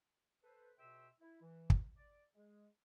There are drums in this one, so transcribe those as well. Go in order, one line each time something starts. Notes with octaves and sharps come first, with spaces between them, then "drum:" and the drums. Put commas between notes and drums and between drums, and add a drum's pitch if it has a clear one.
A4 B4 C5
C#2 B2 E5 G5 C6 E6
E4
E3
drum: kick
D5
G#3 G#4